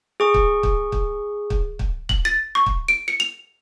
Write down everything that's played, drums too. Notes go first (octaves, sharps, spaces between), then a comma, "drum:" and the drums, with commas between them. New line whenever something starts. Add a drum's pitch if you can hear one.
G#4 C#6
drum: kick
drum: kick
drum: kick
drum: kick
drum: kick
F#7, drum: kick
A6
C#6
drum: kick
D7
C#7
F7